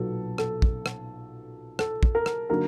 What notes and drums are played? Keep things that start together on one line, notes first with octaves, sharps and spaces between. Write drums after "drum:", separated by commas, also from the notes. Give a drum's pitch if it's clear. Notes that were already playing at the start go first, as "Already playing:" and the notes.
Already playing: B1 A#2 F#3 B3 A4
A4, drum: rim click
drum: kick
drum: rim click
A4, drum: rim click
drum: kick
A#4
drum: rim click
D3 F#3 A#3 D#4 A#4